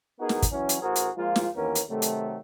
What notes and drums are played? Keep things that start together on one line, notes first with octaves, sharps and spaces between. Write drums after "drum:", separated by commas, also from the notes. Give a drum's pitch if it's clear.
B3 D#4 F#4 G#4 A#4
drum: snare
drum: kick, hi-hat
E3 F#3 C#4
drum: hi-hat
A1 F#4 G#4 A#4 C5
drum: hi-hat
F3 G#3 A#3 F4
drum: snare
D#2 E3 B3 C#4 A#4
drum: hi-hat
C3 D#3 F#3 A3
drum: hi-hat